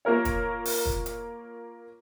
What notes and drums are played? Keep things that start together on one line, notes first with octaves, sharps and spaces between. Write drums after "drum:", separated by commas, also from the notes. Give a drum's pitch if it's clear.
A#3 F4 A#4 C#5
drum: kick, hi-hat
drum: open hi-hat
drum: kick
drum: hi-hat